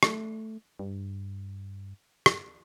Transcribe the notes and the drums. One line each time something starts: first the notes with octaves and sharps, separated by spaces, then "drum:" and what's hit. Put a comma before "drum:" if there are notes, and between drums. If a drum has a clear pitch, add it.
A3, drum: rim click
G2
drum: rim click